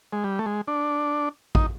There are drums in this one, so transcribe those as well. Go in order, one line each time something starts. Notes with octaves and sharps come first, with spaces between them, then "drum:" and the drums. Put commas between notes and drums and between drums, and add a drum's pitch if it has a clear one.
G#3
G3
A3
G#3
D4
D#4, drum: kick A1